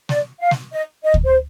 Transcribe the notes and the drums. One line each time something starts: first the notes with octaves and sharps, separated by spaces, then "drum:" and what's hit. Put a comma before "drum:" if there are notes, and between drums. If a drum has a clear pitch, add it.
D5, drum: snare
F5
drum: snare
D#5
D#5
drum: kick D2
C5